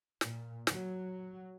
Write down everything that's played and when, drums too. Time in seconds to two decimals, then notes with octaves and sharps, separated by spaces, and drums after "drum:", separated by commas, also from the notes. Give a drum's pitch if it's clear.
0.21 A#2, drum: snare
0.67 F#3, drum: snare